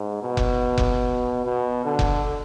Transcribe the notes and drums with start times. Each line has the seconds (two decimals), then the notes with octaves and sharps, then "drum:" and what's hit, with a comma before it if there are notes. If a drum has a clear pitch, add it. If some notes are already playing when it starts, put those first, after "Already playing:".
Already playing: G#2
0.23 B2
0.37 drum: kick F1
0.78 drum: kick F1
1.45 B2
1.85 D3
1.99 drum: kick F1